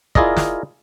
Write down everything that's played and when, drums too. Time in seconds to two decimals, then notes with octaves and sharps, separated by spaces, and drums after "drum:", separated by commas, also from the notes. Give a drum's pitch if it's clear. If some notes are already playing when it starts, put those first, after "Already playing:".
0.15 E4 F4 G#4 A#4 D5 D#5, drum: kick
0.37 drum: snare